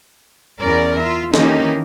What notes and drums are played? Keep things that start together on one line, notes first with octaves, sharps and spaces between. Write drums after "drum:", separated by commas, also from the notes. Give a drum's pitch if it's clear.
E2 C#4 A#4 D5
F4 E5
D#3 E3 A#3 C#4 D#4 G4, drum: snare